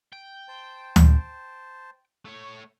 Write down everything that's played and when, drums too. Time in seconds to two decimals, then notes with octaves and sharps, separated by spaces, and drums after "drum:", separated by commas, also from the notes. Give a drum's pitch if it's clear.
0.12 G5
0.48 C5 A5
0.96 drum: tom D2
2.25 A3 C#5